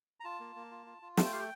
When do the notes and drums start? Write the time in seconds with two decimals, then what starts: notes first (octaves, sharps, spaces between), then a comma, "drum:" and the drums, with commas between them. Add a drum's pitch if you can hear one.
0.20 A#5
0.25 F4 A5
0.40 A#3
0.56 A#3
0.71 F4
0.86 F4
1.02 F4
1.17 A3 A5, drum: snare
1.25 G5
1.32 G4 F5
1.39 G5